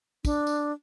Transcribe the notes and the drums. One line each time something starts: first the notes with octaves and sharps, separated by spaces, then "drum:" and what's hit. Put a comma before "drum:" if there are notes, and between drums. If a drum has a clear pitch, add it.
D4, drum: kick, tambourine
drum: tambourine